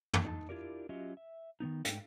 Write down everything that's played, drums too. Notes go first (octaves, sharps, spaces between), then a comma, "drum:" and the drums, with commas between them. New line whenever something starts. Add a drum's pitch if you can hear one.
drum: tom
D4 D#4 A5
D4 E4 F4 G4 A#4 D5
F#3 C#4 F4 G4 D#5 E5
E5
D#3 E3 B3 D#4
G#2 A3 G5, drum: hi-hat